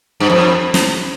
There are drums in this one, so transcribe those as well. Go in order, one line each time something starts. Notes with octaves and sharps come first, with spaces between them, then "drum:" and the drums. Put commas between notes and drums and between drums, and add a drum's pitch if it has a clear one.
G2
F2
drum: snare